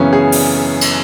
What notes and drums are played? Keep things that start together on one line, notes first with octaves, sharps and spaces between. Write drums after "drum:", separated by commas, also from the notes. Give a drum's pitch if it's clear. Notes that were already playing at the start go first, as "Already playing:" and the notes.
Already playing: F#2 C#3 E3 B3 C#4
G#4
drum: open hi-hat
drum: cymbal